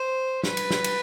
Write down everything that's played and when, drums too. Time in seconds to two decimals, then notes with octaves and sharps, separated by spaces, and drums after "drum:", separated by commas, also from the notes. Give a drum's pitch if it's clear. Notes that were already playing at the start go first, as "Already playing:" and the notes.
Already playing: C5
0.44 B4, drum: snare
0.57 drum: cymbal
0.71 drum: snare
0.84 drum: cymbal